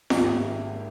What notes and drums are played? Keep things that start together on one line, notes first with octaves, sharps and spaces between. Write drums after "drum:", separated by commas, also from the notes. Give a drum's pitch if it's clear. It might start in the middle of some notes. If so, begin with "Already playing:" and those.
G#1 G#2 D#3 A#3 G4, drum: snare
E5